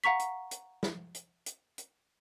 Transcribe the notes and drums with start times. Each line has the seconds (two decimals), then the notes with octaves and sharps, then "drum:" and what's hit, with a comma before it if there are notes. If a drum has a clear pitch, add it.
0.04 F5 F#5 A#5 C#6 B6
0.19 drum: hi-hat
0.51 drum: hi-hat
0.83 drum: snare
1.14 drum: hi-hat
1.46 drum: hi-hat
1.78 drum: hi-hat